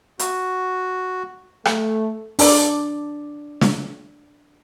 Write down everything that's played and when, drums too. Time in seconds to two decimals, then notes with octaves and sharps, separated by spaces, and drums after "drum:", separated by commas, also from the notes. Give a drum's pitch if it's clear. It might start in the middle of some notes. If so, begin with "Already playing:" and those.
0.19 F#4, drum: hi-hat
1.65 A3, drum: rim click
2.39 D4 D5, drum: open hi-hat
3.61 drum: snare